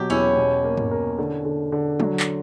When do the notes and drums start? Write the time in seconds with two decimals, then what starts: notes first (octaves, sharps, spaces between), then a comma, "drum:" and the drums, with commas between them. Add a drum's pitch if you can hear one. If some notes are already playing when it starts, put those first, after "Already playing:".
Already playing: B2 F#3 G4
0.10 E2 C#4 E4
0.37 B2
0.64 A#3
0.77 drum: tom
0.91 A#4
1.18 D3
1.45 D3
1.72 D3
2.00 F#3, drum: tom F#3
2.20 drum: clap